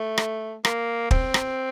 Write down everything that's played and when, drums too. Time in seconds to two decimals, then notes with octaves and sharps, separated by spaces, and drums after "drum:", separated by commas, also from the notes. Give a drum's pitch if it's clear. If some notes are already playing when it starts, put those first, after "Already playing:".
Already playing: A3
0.18 drum: rim click
0.65 A#3, drum: rim click
1.11 C4, drum: kick
1.34 drum: rim click